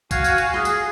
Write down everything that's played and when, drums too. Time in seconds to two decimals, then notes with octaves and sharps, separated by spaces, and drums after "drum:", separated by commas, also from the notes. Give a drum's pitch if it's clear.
0.11 F#4 F5 G#5, drum: kick, tambourine
0.24 drum: tambourine
0.38 drum: tambourine
0.54 G#4, drum: rim click
0.65 drum: tambourine